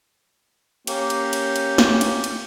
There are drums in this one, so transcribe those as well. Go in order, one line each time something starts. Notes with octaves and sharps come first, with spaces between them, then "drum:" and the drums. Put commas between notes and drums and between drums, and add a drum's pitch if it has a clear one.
A#3 C#4 G4, drum: cymbal
drum: cymbal
drum: cymbal
drum: cymbal
drum: snare
drum: cymbal
drum: cymbal